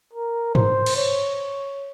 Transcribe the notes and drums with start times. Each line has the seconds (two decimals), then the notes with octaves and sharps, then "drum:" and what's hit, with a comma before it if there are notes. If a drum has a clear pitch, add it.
0.13 A#4
0.55 C5, drum: tom G2
0.86 drum: cymbal
0.96 C#5